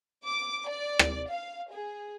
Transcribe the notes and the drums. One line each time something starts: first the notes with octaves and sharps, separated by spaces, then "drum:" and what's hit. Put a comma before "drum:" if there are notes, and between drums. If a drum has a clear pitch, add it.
D6
D5
drum: rim click
F5
G#4